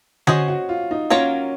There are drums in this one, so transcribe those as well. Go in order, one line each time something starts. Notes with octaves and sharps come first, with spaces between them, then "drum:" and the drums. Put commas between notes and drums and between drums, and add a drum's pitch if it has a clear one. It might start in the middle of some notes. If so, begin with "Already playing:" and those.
C#4 F#4 G#4 C5 D#5, drum: tom D3
F#4
F4
D#4
F#3 A#3 C#4 F4 A#4 C#5